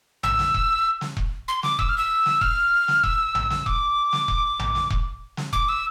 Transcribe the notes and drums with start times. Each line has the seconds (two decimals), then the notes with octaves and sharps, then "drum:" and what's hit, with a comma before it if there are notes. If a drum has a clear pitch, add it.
0.23 E6, drum: tom A#1
0.39 drum: snare
0.54 drum: kick E1
1.01 drum: snare
1.17 drum: kick E1
1.48 C6
1.63 D6, drum: snare
1.79 E6, drum: kick E1
1.89 F6
1.98 E6
2.26 drum: snare
2.41 F6, drum: kick E1
2.88 drum: snare
3.04 E6, drum: kick E1
3.35 drum: tom A#1
3.50 drum: snare
3.66 D6, drum: kick E1
4.13 drum: snare
4.28 drum: kick E1
4.59 drum: tom A#1
4.75 drum: snare
4.91 drum: kick E1
5.37 drum: snare
5.53 D6, drum: kick E1
5.69 E6